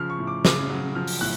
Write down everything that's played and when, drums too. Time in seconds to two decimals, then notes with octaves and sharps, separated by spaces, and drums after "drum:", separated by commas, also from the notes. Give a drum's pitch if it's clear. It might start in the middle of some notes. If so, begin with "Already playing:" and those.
Already playing: C#3 F3 F6
0.10 C#6
0.19 A2
0.27 D6
0.45 C#3 D6, drum: snare
0.70 F#3
0.95 F3 F6
1.07 drum: open hi-hat
1.21 A2 F#6